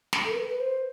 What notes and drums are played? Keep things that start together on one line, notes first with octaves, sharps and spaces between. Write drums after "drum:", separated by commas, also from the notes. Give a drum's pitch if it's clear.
drum: snare
A4
A#4
B4
B4
C5